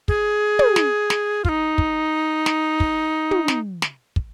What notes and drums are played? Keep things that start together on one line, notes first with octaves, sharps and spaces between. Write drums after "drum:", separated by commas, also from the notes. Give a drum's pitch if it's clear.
G#4, drum: kick
drum: tom
drum: snare
drum: snare
F4, drum: kick
D#4
drum: kick
drum: snare
drum: kick
drum: tom
drum: snare
drum: snare
drum: kick